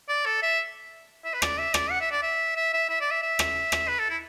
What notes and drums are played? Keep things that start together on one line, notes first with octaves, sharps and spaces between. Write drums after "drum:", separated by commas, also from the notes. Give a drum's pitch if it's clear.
D5
A4
E5
E5
B4
D5, drum: rim click
E5
D5, drum: rim click
F#5
E5
D5
E5
E5
E5
E5
D5
E5
E5
drum: rim click
drum: rim click
B4
A4
E4